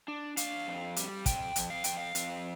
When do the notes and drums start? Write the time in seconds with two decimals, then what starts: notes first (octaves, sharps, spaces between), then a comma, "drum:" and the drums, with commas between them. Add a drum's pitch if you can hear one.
0.08 D4
0.37 D4 F5, drum: hi-hat
0.67 F2
0.96 G3, drum: hi-hat
1.26 F2 G5, drum: kick, hi-hat
1.56 F2, drum: hi-hat
1.70 F5
1.84 F2 G5, drum: hi-hat
1.97 F5
2.15 F2, drum: hi-hat